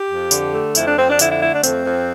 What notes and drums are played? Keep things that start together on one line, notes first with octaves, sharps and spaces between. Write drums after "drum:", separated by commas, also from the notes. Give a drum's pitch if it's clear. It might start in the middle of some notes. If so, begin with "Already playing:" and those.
Already playing: G4
F2
D3, drum: tambourine
A3
F2 E4, drum: tambourine
D4
F2 C4
D4
D3 E4, drum: tambourine
E4
A3 E4
D4
F2 C4, drum: tambourine
F2